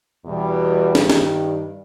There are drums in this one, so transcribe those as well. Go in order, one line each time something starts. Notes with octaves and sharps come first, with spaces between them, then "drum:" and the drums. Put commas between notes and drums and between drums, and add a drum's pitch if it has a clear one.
E2 B2 G3
G2 D#3 G3, drum: snare
drum: snare